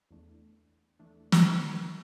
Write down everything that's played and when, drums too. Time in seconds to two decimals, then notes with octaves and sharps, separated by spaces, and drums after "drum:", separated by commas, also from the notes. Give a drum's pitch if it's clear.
0.11 E2 E3 A3 D4
0.99 E2 E3 A3 D4
1.32 drum: snare